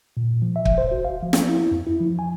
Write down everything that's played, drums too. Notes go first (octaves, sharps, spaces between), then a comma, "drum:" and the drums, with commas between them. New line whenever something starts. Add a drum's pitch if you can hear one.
A#2
F3
E5
drum: kick
C5
F#4
F5
F3
drum: snare
E4
F2
E4
F3
G#5